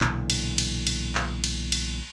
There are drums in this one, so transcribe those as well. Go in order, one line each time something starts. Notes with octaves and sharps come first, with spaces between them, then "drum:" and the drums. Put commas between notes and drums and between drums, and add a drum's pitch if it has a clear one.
B1 A#2 D3 E3, drum: clap
drum: cymbal
drum: cymbal
drum: cymbal
drum: clap
drum: cymbal
drum: cymbal